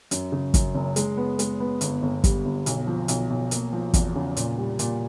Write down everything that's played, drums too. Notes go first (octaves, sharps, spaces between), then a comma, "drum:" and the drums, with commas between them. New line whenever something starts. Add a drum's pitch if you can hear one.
F#2, drum: hi-hat
C#3
F#2, drum: kick, hi-hat
F#1
G#3, drum: hi-hat
B3
G#3, drum: hi-hat
B3
G1, drum: hi-hat
G1
G3, drum: kick, hi-hat
G1
B1, drum: hi-hat
F3
B1, drum: hi-hat
B1
A#3, drum: hi-hat
F3
E2, drum: kick, hi-hat
C#3
A#2, drum: hi-hat
G3
A#2, drum: hi-hat